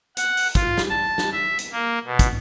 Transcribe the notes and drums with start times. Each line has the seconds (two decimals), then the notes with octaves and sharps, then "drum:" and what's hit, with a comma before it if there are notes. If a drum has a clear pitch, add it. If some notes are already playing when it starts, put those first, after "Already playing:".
0.17 F#5, drum: hi-hat
0.37 drum: open hi-hat
0.55 F4, drum: kick, hi-hat
0.78 drum: snare G4
0.90 A5
1.18 drum: snare G4
1.32 E5
1.59 drum: hi-hat
1.72 A#3
2.05 B2
2.19 drum: kick, hi-hat